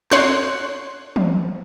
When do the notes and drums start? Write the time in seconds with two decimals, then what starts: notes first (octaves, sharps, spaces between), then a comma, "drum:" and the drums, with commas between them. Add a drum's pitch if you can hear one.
0.11 C#5 C6 F#6, drum: snare
1.16 drum: tom